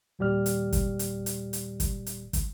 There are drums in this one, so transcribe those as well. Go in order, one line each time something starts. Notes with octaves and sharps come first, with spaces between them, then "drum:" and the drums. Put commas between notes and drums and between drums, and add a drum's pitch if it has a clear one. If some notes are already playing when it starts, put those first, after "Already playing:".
D#2 A#2 G3 G4 D5 F6
drum: hi-hat
drum: kick, hi-hat
drum: hi-hat
drum: hi-hat
drum: hi-hat
drum: kick, hi-hat
drum: hi-hat
drum: kick, hi-hat